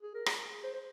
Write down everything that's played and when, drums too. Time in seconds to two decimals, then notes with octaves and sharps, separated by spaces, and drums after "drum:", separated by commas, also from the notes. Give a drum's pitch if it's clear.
0.02 G#4
0.15 A#4
0.26 G#4, drum: rim click
0.64 C5
0.74 C5